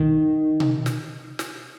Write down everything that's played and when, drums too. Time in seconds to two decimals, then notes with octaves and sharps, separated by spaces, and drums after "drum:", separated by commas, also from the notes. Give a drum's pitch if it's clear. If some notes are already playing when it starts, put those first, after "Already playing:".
Already playing: D#3
0.60 drum: tom B2
0.86 drum: snare
1.39 drum: snare